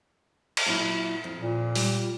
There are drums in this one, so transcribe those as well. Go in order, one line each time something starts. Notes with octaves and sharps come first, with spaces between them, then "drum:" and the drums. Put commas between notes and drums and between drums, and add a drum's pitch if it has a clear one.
drum: cymbal
A#2 F#3 E4
F2
A#2
G3, drum: open hi-hat